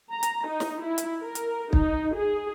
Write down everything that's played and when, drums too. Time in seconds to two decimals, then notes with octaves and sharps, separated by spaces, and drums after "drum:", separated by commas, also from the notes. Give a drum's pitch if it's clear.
0.11 A#5
0.23 drum: hi-hat
0.48 D#4
0.60 drum: snare
0.82 E4
0.98 drum: hi-hat
1.22 A#4
1.35 drum: hi-hat
1.73 D#4, drum: kick
2.15 G#4